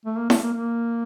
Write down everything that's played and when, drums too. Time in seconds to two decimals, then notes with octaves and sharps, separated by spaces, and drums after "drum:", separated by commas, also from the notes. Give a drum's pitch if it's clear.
0.05 A3
0.17 A#3
0.30 A3, drum: snare E4
0.42 A#3
0.54 A#3